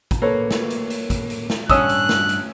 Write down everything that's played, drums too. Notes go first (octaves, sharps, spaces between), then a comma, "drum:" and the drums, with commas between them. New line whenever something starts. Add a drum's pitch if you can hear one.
drum: kick, hi-hat
A#3 A4 B4 C#5
drum: snare
drum: hi-hat
drum: hi-hat
drum: kick, hi-hat
drum: hi-hat
drum: snare
G2 C#4 D4 F#5 D#6 E6 F#6, drum: kick, hi-hat
drum: hi-hat
drum: snare
drum: hi-hat